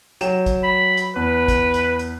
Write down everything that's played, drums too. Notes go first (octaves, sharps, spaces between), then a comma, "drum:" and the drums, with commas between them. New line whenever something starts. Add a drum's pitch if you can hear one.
F#3 G5 E7, drum: hi-hat
drum: kick A#1, hi-hat
B5
drum: hi-hat
E2 B4
drum: kick A#1, hi-hat
drum: hi-hat
drum: hi-hat